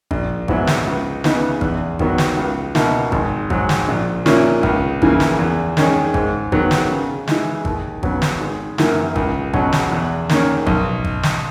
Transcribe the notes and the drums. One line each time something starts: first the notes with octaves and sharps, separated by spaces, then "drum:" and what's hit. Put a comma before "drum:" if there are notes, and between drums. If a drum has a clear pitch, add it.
A#1, drum: kick G#1
G#2 F#3 B3 E4, drum: kick G#1
drum: snare
C#2
C#3 E3 B3 D#4, drum: snare
E2, drum: kick G#1
D#3 F#3 B3 F#4, drum: kick G#1
drum: snare
C#2
B2 A#3 E4, drum: snare
G#1, drum: kick G#1
G#2 F#3, drum: kick G#1
drum: snare
A#1
A#2 A#3 C#4 E4, drum: snare
C#2, drum: kick G#1
C#3 E3 A#3, drum: kick G#1
drum: snare
E2
D#3 G#3 C#4 G#4, drum: snare
G#2, drum: kick G#1
D#3 F#3 B3, drum: kick G#1
drum: snare
C#3
E3 G#3, drum: snare
D#2, drum: kick G#1
C#3 F#3 B3, drum: kick G#1
drum: snare
G#1
F#2 E3 A#3, drum: snare
C#2, drum: kick G#1
B2 F#3 C#4, drum: kick G#1
drum: snare
E2
D#3 A#3 C#4, drum: snare
B1, drum: kick G#1
drum: kick G#1
drum: snare